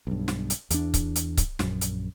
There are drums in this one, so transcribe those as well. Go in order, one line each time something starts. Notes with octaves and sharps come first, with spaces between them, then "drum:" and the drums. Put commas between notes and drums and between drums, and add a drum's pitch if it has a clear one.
B1 G2
drum: snare
drum: hi-hat
E2 D4, drum: hi-hat
drum: kick C#1, hi-hat
drum: hi-hat
drum: kick C#1, hi-hat
A#1 F#2, drum: snare
drum: hi-hat